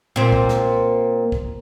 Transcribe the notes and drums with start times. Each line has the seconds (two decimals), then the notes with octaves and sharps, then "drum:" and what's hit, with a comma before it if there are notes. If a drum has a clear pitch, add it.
0.16 A#2 C4
0.32 drum: kick
0.49 drum: snare
1.32 drum: kick